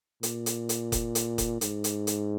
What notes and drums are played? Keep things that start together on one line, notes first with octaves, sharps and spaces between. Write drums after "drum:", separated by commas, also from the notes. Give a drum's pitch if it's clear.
A#2, drum: hi-hat
drum: hi-hat
drum: hi-hat
drum: kick F1, hi-hat
drum: hi-hat
drum: kick F1, hi-hat
G#2, drum: hi-hat
drum: hi-hat
drum: hi-hat